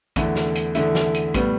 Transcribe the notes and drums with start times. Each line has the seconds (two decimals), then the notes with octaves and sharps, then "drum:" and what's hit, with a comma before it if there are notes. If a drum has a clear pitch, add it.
0.16 E2 D3 A3 E4, drum: kick, hi-hat
0.36 drum: snare
0.55 drum: hi-hat
0.75 E2 D3 A3 E4, drum: hi-hat
0.95 drum: snare
1.14 drum: hi-hat
1.34 A2 G3 B3, drum: kick, hi-hat